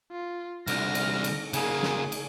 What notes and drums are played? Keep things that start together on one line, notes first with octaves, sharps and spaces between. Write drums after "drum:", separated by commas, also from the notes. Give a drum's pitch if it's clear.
F4
C2 D3 F6 A#6, drum: cymbal
drum: cymbal
drum: cymbal
C#3 A#3 G#4, drum: cymbal
drum: snare
drum: cymbal